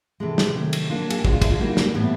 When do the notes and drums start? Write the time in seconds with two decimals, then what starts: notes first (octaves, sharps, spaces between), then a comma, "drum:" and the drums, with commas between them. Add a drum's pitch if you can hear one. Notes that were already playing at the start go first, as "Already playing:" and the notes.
0.20 C3 E3 G#3 A4
0.38 drum: snare
0.55 C3 D#3 F#3 A3
0.73 drum: cymbal
0.90 F#3 A#3 D4 F4
1.10 G#4, drum: cymbal
1.18 G4
1.25 D3 F3 G#3 F#4, drum: kick
1.33 F4
1.42 E4, drum: kick, cymbal
1.50 F4
1.59 D3 G3 A#3 D#4 F#4
1.77 drum: snare
1.95 A2 E3 G3 B3